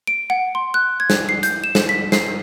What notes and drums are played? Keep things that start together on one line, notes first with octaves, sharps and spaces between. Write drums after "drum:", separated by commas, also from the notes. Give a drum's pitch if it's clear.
D7
F#5
C6
F#6
G#6
drum: snare
C7
G6, drum: hi-hat
E7
drum: snare
B6
C7, drum: snare
C7